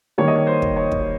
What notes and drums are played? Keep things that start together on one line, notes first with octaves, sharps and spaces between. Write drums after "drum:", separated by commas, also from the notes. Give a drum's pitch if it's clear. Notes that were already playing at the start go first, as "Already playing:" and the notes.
D#3 G3 A#3 C#5
D#5
C#5
C5
drum: kick
C#5
drum: kick